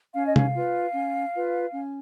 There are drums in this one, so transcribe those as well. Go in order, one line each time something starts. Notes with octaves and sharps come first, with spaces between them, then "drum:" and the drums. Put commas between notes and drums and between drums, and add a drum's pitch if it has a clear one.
C#4 F5
D#5
F5, drum: tom C3
F4 B4
C#4
F4 B4
C#4